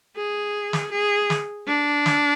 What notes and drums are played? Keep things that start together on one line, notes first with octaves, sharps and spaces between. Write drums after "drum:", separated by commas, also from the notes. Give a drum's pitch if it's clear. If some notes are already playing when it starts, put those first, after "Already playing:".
G#4
drum: snare
G#4
drum: snare
D4
drum: snare